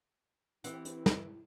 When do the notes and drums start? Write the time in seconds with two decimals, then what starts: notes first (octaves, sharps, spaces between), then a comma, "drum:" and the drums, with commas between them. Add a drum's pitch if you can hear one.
0.64 E3 C4 E4 G4, drum: hi-hat
0.85 drum: hi-hat
1.06 drum: snare